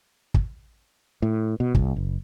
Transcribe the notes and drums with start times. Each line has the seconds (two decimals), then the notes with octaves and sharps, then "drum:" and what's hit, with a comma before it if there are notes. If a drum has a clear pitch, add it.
0.34 drum: kick
1.22 A2
1.60 B2
1.75 C2, drum: kick
1.96 F#1